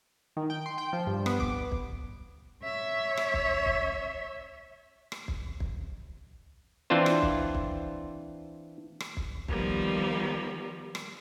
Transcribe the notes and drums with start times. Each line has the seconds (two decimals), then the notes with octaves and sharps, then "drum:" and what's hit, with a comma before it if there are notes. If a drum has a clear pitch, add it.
0.37 D#3
0.50 G5
0.66 C6
0.78 G5
0.93 F3
1.07 G2
1.26 B3, drum: rim click
1.40 D6, drum: kick
1.72 drum: kick
2.63 C#5 E5
3.17 drum: rim click
3.34 drum: kick
3.66 drum: kick
5.12 drum: rim click
5.28 drum: kick
5.60 drum: kick
6.90 E3 C4 D4 F4 C5
7.06 drum: rim click
7.22 drum: kick
7.55 drum: kick
9.00 drum: rim click
9.17 drum: kick
9.48 D#3 F3 G3 A#3 B3, drum: kick
10.95 drum: rim click